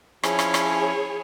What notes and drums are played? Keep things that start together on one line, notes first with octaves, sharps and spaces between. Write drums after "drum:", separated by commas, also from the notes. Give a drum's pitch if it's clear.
F3 C#4 E4 G#4 C#5, drum: rim click
drum: rim click
drum: rim click